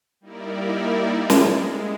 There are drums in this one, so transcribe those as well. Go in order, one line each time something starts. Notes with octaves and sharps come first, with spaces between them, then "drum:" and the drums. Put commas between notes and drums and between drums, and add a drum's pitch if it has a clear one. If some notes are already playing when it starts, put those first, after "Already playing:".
G3 A#3 D#4 E4 A#4 D5
G#3, drum: snare